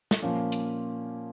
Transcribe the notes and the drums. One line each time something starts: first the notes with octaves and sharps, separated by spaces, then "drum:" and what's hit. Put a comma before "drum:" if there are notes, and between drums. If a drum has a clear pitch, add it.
drum: snare
A#2 F3 A#3 C#4
drum: hi-hat